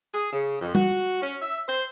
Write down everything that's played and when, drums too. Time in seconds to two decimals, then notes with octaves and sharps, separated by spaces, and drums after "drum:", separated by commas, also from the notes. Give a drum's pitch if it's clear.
0.13 G#4
0.33 C#3
0.61 F2
0.75 F#4, drum: tom G3
1.23 C#4
1.41 E5
1.68 C5